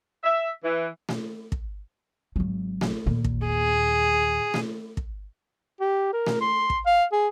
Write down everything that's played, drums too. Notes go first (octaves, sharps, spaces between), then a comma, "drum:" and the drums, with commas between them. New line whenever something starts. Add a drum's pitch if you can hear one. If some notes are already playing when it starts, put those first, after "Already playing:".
E5
E3
drum: snare A3
drum: kick
G#1 F#3
drum: snare A3
D#2 A#2
drum: kick
G#4
drum: snare A3
drum: kick
G4
A#4
drum: snare A3
C6
drum: kick
F5
G#4